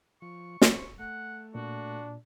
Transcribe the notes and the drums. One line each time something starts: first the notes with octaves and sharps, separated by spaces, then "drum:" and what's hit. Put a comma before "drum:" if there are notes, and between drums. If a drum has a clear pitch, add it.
F3 C#6
C5, drum: snare
A3 F#5
A#2 D4 F#4